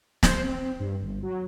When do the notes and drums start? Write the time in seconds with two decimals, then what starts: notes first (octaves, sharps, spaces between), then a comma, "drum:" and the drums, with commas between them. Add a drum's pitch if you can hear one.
0.23 C5, drum: snare
0.42 C4
0.79 G2
1.02 G1
1.22 F#3